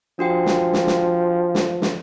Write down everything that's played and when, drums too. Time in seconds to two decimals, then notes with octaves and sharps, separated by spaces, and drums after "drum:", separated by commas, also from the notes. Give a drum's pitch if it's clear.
0.19 F3 D4 F#4 G5
0.46 drum: snare
0.73 drum: snare
0.87 drum: snare
1.55 drum: snare
1.82 drum: snare